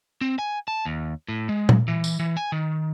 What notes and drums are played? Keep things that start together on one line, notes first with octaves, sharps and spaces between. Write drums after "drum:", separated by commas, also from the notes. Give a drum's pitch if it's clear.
C4
G#5
A5
D#2
A2
G#3
drum: tom A#2
E3
drum: tambourine
E3
G#5
D#3